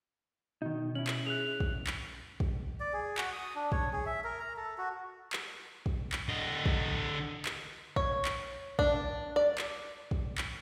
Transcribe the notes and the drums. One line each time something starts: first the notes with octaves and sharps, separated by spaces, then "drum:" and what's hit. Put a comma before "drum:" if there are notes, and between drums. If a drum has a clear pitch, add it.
B2 D#3 D#4
C#4 E4 F#7
drum: clap
G#4 E5 F#6 F7
drum: kick
drum: clap
drum: kick
D5
G#4
F#4, drum: clap
D#6
D4
C#5, drum: kick
G#4
E5
A#4
A#5
A4
F#4
drum: clap
drum: kick
drum: clap
D3 D#5
drum: kick
drum: clap
C#5, drum: kick
drum: clap
D4, drum: kick
D5
drum: clap
drum: kick
drum: clap